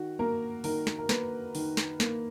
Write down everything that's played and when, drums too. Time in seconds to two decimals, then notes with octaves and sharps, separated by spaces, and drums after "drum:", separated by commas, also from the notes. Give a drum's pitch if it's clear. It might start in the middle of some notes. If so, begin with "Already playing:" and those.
Already playing: D#3 F#4
0.19 A#3 A#4
0.64 D#3 A#4, drum: open hi-hat
0.87 drum: snare
0.98 A#4
1.09 A#3 B4, drum: snare
1.55 D#3, drum: open hi-hat
1.77 drum: snare
2.00 A#3, drum: snare